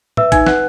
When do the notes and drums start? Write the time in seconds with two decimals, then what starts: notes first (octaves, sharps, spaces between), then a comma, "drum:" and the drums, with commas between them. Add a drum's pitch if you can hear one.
0.17 B4 E5 E6, drum: tom A2
0.32 D#4 G#5 G#6, drum: kick A1, hi-hat
0.47 B4 F#5 F#6, drum: snare